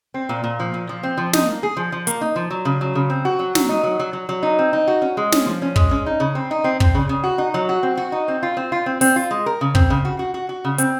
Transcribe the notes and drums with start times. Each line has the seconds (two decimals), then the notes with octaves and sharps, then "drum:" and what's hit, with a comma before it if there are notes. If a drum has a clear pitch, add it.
0.14 C4
0.29 A#2
0.44 A#2
0.60 F3
0.74 A#2
0.89 F3
1.03 C4
1.17 F3
1.33 D#4, drum: snare
1.47 A#3
1.63 G#4
1.77 F3
1.92 F3
2.07 A#3, drum: hi-hat
2.21 D#4
2.36 F3
2.50 F#3
2.65 C#3
2.81 F#3
2.95 C#3
3.10 C4
3.25 F#4
3.39 F#3
3.55 F#3, drum: snare
3.69 D#4
3.84 F#3
3.99 F#3
4.13 F#3
4.29 F#3
4.43 D#4
4.59 C4
4.73 D#4
4.88 F#4
5.02 C#4
5.17 G#3
5.32 C#4, drum: snare
5.46 F3
5.62 C#4
5.76 G#3, drum: kick
5.91 C#4
6.06 D#4
6.20 C#3
6.35 C4
6.51 D#4
6.64 C4
6.80 C4, drum: kick
6.95 C#3
7.09 C#3
7.24 F#4
7.38 D#4
7.54 F#3
7.69 F#4
7.83 C4
7.97 F#4
8.12 D#4
8.28 C4
8.43 F4
8.57 C4
8.72 F4
8.86 C4
9.01 C4, drum: open hi-hat
9.16 F4
9.31 G#3
9.46 A#4
9.61 C#3
9.75 C4, drum: kick
9.90 C#3
10.05 F#4
10.19 F#4
10.34 F#4
10.49 F#4
10.65 C#3
10.78 C4, drum: hi-hat